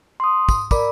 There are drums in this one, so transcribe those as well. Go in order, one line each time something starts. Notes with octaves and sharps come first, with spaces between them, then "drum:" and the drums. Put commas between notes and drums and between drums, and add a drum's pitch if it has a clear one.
C6 D#6
drum: kick, tambourine
A#4 D5 B5 D6, drum: kick, tambourine